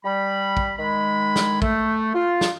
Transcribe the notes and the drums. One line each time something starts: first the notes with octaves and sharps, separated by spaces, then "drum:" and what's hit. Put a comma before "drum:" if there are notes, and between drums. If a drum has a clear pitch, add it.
G3 B5
drum: kick
D#3 G#3 B5
drum: snare
A3, drum: kick
F4
drum: snare